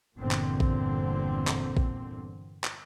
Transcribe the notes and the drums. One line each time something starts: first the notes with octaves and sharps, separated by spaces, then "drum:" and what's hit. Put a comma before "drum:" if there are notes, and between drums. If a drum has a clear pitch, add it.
G1 E2 A#2 D3 C4
drum: clap
drum: kick
drum: clap
drum: kick
drum: clap